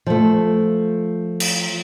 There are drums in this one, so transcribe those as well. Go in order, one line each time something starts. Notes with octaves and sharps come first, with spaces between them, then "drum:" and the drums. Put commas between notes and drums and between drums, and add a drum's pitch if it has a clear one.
F3 A3
drum: cymbal